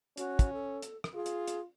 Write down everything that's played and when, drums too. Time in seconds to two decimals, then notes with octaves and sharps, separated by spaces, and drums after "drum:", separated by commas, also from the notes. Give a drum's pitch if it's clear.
0.17 C#4 F#4, drum: hi-hat
0.39 drum: kick, hi-hat
0.53 A4
0.82 drum: hi-hat
1.04 drum: rim click
1.14 F4 G#4
1.26 drum: hi-hat
1.47 drum: hi-hat